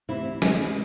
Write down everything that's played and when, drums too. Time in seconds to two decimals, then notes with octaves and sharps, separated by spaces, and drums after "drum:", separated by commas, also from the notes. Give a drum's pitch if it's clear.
0.09 D2 C3 E3 E4
0.42 D2 C3 E3 G#3, drum: snare